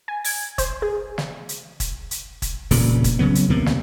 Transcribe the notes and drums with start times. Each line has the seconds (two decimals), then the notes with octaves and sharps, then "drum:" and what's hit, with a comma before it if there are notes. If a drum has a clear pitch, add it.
0.08 G#5
0.24 G#6, drum: open hi-hat
0.58 C5, drum: kick, hi-hat
0.82 G#4
1.18 drum: snare
1.49 drum: hi-hat
1.80 drum: kick, hi-hat
2.11 drum: hi-hat
2.42 drum: kick, hi-hat
2.71 E1 G2 A#2 C#3, drum: open hi-hat
3.04 drum: kick, hi-hat
3.19 C2 C#3 F#3 B3
3.35 drum: hi-hat
3.49 D#2 C3 A#3 B3
3.66 drum: snare